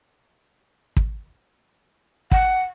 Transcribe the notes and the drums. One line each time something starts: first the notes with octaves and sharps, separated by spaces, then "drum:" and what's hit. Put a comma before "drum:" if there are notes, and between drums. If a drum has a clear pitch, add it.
drum: kick
F#5, drum: kick